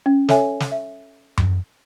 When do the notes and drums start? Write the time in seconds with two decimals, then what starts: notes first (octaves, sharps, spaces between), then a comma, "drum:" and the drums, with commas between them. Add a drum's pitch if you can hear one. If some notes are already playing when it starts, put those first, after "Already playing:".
0.06 C#4
0.29 A4 C#5 E5 G#5, drum: snare
0.60 drum: snare
0.72 E5
1.38 drum: tom F#2